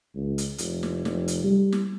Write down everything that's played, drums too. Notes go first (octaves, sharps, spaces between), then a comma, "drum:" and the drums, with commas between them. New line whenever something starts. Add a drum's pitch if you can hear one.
C#2
drum: hi-hat
F1, drum: hi-hat
drum: snare
F1, drum: snare
drum: hi-hat
G3
drum: snare